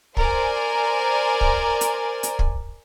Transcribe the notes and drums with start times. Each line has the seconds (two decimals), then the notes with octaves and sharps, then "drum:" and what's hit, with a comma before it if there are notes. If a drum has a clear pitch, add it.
0.17 A#4 C5 D5 G#5, drum: kick
1.41 drum: kick
1.81 drum: hi-hat
2.23 drum: hi-hat
2.39 drum: kick